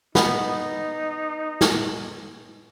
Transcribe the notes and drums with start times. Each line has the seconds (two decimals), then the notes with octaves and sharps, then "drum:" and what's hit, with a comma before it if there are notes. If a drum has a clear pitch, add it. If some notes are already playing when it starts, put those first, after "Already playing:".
0.15 B3 D#4, drum: snare
1.61 drum: snare